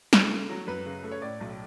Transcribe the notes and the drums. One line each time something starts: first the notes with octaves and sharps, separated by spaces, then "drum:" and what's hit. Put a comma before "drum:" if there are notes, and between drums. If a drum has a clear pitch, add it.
C#3, drum: snare
A3
F#3
F#2 B4
C#3
A3
C#5
A2 D5
B1